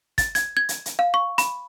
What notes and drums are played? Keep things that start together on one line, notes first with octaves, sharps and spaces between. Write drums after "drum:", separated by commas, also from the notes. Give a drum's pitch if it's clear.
A6, drum: kick, hi-hat
G#6, drum: hi-hat
G#6
drum: hi-hat
drum: hi-hat
F5
C#6
B5, drum: hi-hat